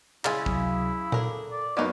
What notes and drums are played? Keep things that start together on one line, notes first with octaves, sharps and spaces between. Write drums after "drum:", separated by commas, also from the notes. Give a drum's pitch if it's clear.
C#3 G#3 E4 G#5 C6 F6 A6, drum: clap
C#2 C3 F#3, drum: kick
D4 A4 A#4, drum: tom A#2
D5
F#2 A#3 B3 D#4 C#5 D5